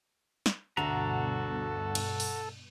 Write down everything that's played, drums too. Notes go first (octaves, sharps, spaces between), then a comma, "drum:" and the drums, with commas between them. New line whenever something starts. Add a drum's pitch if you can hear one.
drum: snare
D2 G2 B2 D3 F#4 A4 A#5
drum: cymbal
drum: open hi-hat